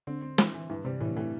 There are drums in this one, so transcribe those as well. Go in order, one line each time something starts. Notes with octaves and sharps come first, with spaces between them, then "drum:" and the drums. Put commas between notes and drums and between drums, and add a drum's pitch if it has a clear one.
D3 C4
C4
E3, drum: snare
E3
G2 E3
C3 G3
A2 E3
A2 E3